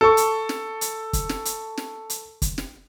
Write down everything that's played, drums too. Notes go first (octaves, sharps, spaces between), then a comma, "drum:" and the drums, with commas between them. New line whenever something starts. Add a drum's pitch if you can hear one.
A4 C#6
drum: hi-hat
drum: snare
drum: hi-hat
drum: kick, hi-hat
drum: snare
drum: hi-hat
drum: snare
drum: hi-hat
drum: kick, hi-hat
drum: snare